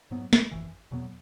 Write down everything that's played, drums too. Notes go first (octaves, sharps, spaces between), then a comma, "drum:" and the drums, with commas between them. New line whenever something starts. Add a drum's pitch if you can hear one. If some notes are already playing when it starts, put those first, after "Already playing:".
G#2 F#3 B3
drum: snare
G#1 F#2 E3
E2 B2 F#3 B3